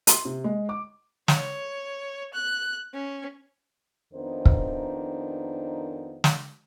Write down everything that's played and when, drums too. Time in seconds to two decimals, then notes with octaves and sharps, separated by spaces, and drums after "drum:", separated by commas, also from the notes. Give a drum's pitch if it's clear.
0.07 C6, drum: hi-hat
0.25 C3
0.44 G#3
0.69 D6
1.28 C#5, drum: snare
2.34 F#6
2.93 C#4
4.13 F2 D#3 B3 D4 D#4 C5
4.45 drum: kick
6.24 drum: snare